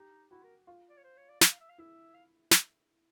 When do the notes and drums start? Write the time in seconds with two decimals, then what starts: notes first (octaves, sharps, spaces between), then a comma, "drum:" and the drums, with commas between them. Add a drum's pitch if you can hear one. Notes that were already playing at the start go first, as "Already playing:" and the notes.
Already playing: D#4 G4
0.31 E4 F#4
0.43 A#4
0.67 F4
0.90 D5
0.97 C#5
1.04 C5
1.17 C#5
1.29 D5
1.41 E5, drum: snare
1.51 F5
1.60 E5
1.69 F5
1.78 E4 E5
2.14 F5
2.51 drum: snare